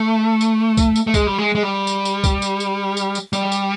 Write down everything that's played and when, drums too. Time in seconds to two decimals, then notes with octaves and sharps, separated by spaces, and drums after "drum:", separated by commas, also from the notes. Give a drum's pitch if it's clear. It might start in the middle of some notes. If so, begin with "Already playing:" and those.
Already playing: A3
0.41 drum: tambourine
0.77 drum: kick, tambourine
0.96 drum: tambourine
1.07 A3
1.14 G#3, drum: kick, tambourine
1.27 G3
1.38 G#3
1.55 G#3
1.63 G3
1.87 drum: tambourine
2.05 drum: tambourine
2.24 drum: kick, tambourine
2.42 drum: tambourine
2.60 drum: tambourine
2.97 drum: tambourine
3.15 drum: tambourine
3.33 G3, drum: tambourine
3.52 drum: tambourine